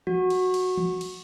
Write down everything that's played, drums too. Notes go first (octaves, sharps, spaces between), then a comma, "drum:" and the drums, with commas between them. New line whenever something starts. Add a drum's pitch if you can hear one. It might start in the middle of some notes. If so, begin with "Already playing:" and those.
F#4, drum: tom E3
drum: cymbal
drum: cymbal
drum: tom E3
drum: cymbal